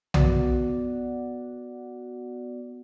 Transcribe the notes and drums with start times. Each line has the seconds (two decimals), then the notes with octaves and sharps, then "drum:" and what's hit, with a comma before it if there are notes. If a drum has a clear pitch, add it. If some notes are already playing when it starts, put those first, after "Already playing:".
0.14 B3 F#4 D5 F#5, drum: tom B1